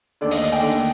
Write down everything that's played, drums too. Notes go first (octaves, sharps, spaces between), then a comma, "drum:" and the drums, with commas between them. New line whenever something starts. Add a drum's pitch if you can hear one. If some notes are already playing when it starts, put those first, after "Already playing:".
D#2 D3 A3 D4 D5
D#5, drum: open hi-hat
D#5
G5
D#2 D3 A3 D4